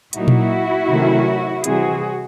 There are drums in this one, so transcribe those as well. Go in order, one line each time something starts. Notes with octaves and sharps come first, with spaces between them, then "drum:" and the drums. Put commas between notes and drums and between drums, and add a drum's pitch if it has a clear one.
A#2 F#3 A#3 D#4 E4 F#4, drum: hi-hat
drum: tom A#2
C3 D#3 F#3 A3 C#4
C3 E3 G3 C4 F#4 G#4, drum: hi-hat